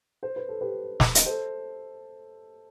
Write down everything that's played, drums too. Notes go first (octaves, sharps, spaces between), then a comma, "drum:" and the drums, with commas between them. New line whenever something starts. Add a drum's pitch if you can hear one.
C5
B4
A4
G4 B4
drum: snare
D#5, drum: hi-hat
A4 C5